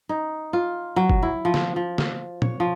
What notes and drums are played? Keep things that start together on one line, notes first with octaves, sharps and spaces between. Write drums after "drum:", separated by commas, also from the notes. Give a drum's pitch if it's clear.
D#4
F4
F#3
drum: kick F#1
E4
F3
drum: snare
F3
drum: snare
C#5, drum: tom
F3